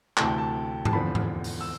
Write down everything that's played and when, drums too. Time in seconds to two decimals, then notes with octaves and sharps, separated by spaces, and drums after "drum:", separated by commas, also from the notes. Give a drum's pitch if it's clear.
0.17 D2 C3 E3 A3 A5, drum: clap
0.27 G5
0.38 A5
0.85 A5, drum: tom G#2
0.93 E2 D3 F3 C4 B5
1.15 drum: tom G#2
1.44 drum: open hi-hat
1.61 E6